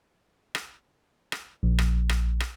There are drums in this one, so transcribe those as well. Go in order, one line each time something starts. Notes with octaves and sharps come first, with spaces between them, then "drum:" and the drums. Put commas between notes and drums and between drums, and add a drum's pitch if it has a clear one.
drum: rim click
drum: rim click
A#1
drum: rim click
drum: rim click
drum: rim click